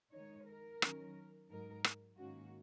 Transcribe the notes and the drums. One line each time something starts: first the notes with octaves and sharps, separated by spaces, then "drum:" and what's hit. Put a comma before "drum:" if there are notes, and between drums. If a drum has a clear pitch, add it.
D#3 G#3 D#4 C#5
A#4
D#3 F#3 C#4, drum: rim click
G#2 F#3 D#4 A#4
drum: rim click
G#2 D#3 A#3 C#4 F#4